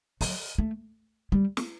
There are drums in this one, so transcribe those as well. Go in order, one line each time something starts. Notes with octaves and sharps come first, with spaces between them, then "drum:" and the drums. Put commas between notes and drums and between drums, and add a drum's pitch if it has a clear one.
F#3, drum: open hi-hat
A3
G3
drum: snare